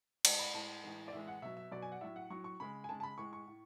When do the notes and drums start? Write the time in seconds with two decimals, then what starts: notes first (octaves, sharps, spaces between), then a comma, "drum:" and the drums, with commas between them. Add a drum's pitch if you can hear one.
0.25 A2 G#3, drum: cymbal
0.39 B5
0.54 A2 G#3 A5
0.83 A2 E3 G#3
1.08 D5
1.13 A2 E3 G#3 E5
1.28 F#5
1.42 B2 F#3 E5
1.57 E5
1.71 B2 F#3 D5
1.82 G#5
1.92 F#5
2.01 A2 F#3 E5
2.16 F#5
2.30 A2 F#3 C#6
2.44 C#6
2.60 C#3 G#3 B5
2.84 G#5
2.89 C#3 G#3 A5
3.00 A5
3.03 B5
3.18 A2 G#3 C#6
3.33 C#6
3.48 A2